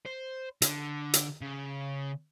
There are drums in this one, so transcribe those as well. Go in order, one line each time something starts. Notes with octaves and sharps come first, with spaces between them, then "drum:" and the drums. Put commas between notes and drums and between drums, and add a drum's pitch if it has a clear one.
C5
D3, drum: hi-hat
drum: hi-hat
C#3